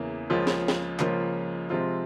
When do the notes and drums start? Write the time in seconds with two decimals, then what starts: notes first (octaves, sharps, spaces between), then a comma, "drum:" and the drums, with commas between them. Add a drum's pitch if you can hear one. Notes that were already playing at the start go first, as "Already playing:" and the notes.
Already playing: E2 C#3 E3 A#3
0.30 C#2 C#3 F3 A#3 F4
0.47 drum: snare
0.68 drum: snare
0.99 C#2 C#3 F3 A#3 F4, drum: clap
1.70 C3 F3 G#3 C4 F4